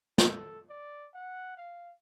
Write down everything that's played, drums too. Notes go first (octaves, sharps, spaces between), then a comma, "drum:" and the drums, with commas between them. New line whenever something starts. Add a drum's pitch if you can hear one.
A4, drum: snare
D5
F#5
F5